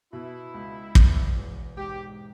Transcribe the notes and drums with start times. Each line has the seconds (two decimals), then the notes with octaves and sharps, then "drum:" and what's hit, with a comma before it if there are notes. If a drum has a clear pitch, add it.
0.13 B2 E4
0.54 C#2
0.95 E2, drum: kick
1.35 E1
1.77 G#2 G4